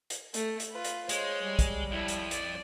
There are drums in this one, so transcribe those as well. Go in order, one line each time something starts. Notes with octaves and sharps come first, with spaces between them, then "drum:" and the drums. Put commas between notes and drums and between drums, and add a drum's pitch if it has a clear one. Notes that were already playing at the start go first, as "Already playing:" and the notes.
drum: hi-hat
A3, drum: hi-hat
drum: hi-hat
F4 B4
drum: hi-hat
G#3 C5 C#5, drum: hi-hat
G3
drum: kick, hi-hat
F2 F3 E4
drum: hi-hat
D5, drum: hi-hat